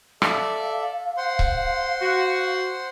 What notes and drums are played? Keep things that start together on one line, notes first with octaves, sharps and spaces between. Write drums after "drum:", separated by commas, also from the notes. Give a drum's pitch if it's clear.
A4 D5 E5 F5, drum: rim click
C5 F#5 C6
drum: kick C#1
F#4